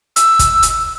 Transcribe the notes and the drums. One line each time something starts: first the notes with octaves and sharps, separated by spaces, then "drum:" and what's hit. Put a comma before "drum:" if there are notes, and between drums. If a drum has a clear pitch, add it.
E6, drum: hi-hat
drum: kick, hi-hat
drum: hi-hat